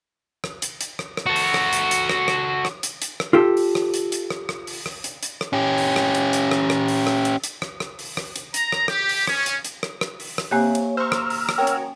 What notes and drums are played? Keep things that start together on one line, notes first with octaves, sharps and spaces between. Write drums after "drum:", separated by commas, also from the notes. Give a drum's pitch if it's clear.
drum: rim click
drum: hi-hat
drum: hi-hat
drum: rim click
drum: rim click
F#4 A4
drum: open hi-hat
drum: rim click
drum: hi-hat
drum: hi-hat
drum: rim click
drum: rim click
drum: rim click
drum: hi-hat
drum: hi-hat
drum: rim click
F4 G4 A4
drum: open hi-hat
drum: rim click
drum: hi-hat
drum: hi-hat
drum: rim click
drum: rim click
drum: open hi-hat
drum: rim click
drum: hi-hat
drum: hi-hat
drum: rim click
C#4 G4
drum: open hi-hat
drum: rim click
drum: hi-hat
drum: hi-hat
drum: rim click
drum: rim click
drum: open hi-hat
drum: rim click
drum: hi-hat
drum: hi-hat
drum: rim click
drum: rim click
drum: open hi-hat
drum: rim click
drum: hi-hat
A#5, drum: hi-hat
drum: rim click
G4, drum: rim click
drum: open hi-hat
C#4, drum: rim click
drum: hi-hat
drum: hi-hat
drum: rim click
drum: rim click
drum: open hi-hat
drum: rim click
C3 A#3 G4 C#5 E5 F5 G#5 F#6
drum: hi-hat
C5 A#5 C#6 E6 F6
drum: rim click
drum: open hi-hat
drum: rim click
C#4 F#4 A#4 C#5 G5
drum: hi-hat